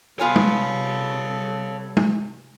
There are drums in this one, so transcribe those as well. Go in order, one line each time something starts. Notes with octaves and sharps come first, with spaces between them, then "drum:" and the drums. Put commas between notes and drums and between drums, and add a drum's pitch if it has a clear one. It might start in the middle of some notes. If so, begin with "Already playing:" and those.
C3 G3 B3 F4 A4 C#5 F5 G#5
drum: tom
drum: tom